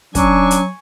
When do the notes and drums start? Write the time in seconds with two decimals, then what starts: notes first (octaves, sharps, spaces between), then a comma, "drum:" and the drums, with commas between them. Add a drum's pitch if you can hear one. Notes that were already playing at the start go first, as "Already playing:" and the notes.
0.15 F#3 C#4 D4 G#5 C#6, drum: kick, hi-hat
0.51 drum: hi-hat